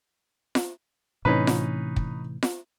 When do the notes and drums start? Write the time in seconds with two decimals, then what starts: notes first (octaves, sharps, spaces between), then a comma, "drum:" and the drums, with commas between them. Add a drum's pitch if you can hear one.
0.55 drum: snare F4
1.25 A2 C3 E3 C#4 D#4 B4
1.47 drum: snare F4
1.96 drum: kick
2.43 drum: snare F4